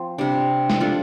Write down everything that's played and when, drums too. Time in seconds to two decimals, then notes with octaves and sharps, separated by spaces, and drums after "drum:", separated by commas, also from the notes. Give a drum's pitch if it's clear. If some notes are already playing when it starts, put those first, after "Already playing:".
Already playing: F3 C4
0.18 C3 G3 D4
0.70 drum: snare
0.80 F3 D4 F4 A4